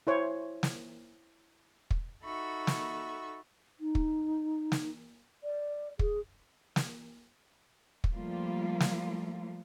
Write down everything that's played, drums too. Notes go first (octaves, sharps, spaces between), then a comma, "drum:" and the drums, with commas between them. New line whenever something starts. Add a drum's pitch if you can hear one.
E4 C5 C#5
drum: snare
drum: kick
D#4 F#4 A4 E5 B5 C#6
drum: snare
D#4
drum: kick
drum: snare
D5
G#4, drum: kick
drum: snare
drum: kick
F3 G3 A3 A#3 F4
drum: snare